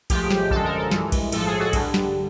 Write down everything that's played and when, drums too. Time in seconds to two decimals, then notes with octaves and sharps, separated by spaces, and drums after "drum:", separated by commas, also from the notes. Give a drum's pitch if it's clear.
0.10 A2 F3 G#3 G4, drum: kick B1, cymbal
0.30 drum: snare
0.51 F#2 D3 F3 G#3 A4, drum: kick B1
0.64 A#4
0.78 A4
0.91 G2 E3 G#3, drum: snare
1.12 drum: kick B1, cymbal
1.32 A2 F3 G#3 A4, drum: cymbal
1.47 G#4
1.60 F#4
1.73 G2 D3 G3, drum: kick B1, cymbal
1.94 drum: snare